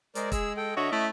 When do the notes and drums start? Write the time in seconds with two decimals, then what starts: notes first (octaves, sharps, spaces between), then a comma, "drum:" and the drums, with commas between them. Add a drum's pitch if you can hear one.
0.15 G#3 A#4 C5 D5, drum: hi-hat
0.32 G#4 E6, drum: kick, hi-hat
0.57 A4 G5
0.76 D3 F#4 C#5 D#5 E5
0.91 A3 C#4 E4